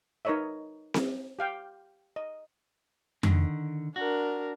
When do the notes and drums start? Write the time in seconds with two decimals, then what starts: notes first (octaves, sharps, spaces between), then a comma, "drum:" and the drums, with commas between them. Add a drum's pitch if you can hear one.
0.25 D#4 A#4 B4 C#5 D#5 E5
0.94 drum: snare C4
1.39 G4 F5 G5
2.16 D#5
3.23 D3 D#3, drum: tom F2
3.96 D4 F#4 A#4